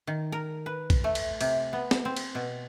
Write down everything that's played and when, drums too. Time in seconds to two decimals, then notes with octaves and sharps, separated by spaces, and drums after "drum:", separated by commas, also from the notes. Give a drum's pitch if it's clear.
0.07 D#3
0.32 A#4
0.66 B4
0.90 drum: kick A#1, cymbal
1.04 A3
1.15 drum: cymbal
1.41 C3, drum: cymbal
1.73 B3
1.91 drum: snare
2.05 C4
2.16 drum: cymbal
2.35 B2